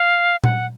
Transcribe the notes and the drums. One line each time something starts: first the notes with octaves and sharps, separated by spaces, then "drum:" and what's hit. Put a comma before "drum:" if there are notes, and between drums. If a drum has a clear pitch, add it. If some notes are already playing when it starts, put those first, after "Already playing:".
Already playing: F5
F#5, drum: tom A#2